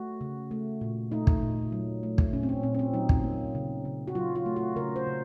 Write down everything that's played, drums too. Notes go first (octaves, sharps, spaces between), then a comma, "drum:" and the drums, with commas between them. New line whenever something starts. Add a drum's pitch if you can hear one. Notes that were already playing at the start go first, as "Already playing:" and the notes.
Already playing: A3 F#4
C#3
A3
A#2
A3 D#4
drum: kick
A#2
F#3
A3
drum: kick
A#2 C#4
C4
C#4
A#2 C4
C#4
C4
F#3 D#4
drum: kick
A#3
C#3
C#3
F#4
F#3 F4
F4
A3
F#4
C#3 A#4
C5
C#3